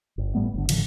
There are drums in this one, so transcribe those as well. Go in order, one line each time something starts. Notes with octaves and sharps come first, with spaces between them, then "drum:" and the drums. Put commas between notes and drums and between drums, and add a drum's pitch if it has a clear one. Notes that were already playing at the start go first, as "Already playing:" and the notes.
G1
A2 G3 A3 B3
G1 D3
A2 D3 D#3 F3, drum: cymbal